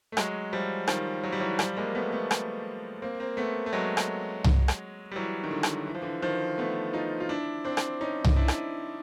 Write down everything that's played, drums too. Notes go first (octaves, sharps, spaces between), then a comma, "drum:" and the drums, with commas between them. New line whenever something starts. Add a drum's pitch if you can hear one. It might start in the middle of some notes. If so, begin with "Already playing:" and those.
A3
F#3 G#3, drum: rim click
F3 G3
D#3 F3, drum: rim click
F#3
G3
E3 F#3
F3 G3, drum: rim click
G#3 A#3
A3 B3
A3 B3
drum: rim click
A#3 C4
A#3 C4
A3 B3
A3
F#3 G#3
drum: rim click
drum: tom C2
drum: rim click
G3
E3 F#3
D#3
D3 E3
drum: rim click
E3
F3
D3 E3
D#3 F3
A3 B3
D#4 F4
F4
D4 E4
C4 D4
drum: rim click
C#4 D#4
drum: tom C2
D4 E4
drum: rim click